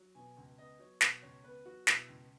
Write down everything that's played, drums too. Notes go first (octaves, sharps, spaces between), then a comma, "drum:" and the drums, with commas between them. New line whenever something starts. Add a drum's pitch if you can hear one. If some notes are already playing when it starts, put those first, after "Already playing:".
Already playing: F#3
B2 G#5
C#2
B3 D#5
F#3 C#5
B2 F#4, drum: snare
C#2 C#5
B3 B4
F#3 F#4
B2 E4, drum: snare
C#2